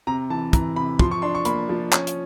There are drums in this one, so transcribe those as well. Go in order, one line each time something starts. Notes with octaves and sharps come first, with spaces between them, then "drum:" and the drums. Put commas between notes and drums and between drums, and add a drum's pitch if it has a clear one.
C3 A#5
E3 A5
E3 A#5, drum: kick, hi-hat
C3 B5
F3 C6, drum: kick
C#6
D4 C6
C#6
A#3 B5, drum: hi-hat
F3
C#4, drum: clap
drum: hi-hat